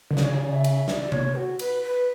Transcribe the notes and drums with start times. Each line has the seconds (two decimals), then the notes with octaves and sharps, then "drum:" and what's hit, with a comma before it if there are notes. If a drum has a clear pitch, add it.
0.11 D3
0.17 C#3 D5, drum: snare
0.26 C#5
0.37 D5
0.53 E5
0.64 drum: cymbal
0.88 D5, drum: snare
1.12 C#5, drum: tom C3
1.35 F#4
1.59 B4, drum: cymbal
1.83 B4